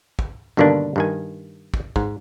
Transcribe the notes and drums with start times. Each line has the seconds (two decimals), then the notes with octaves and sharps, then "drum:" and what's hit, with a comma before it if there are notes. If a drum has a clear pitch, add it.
0.19 drum: kick
0.57 G2 B2 D3 D#3 A#3 D4
0.96 G2 D#3 G#5
1.74 drum: kick
1.96 G#2, drum: kick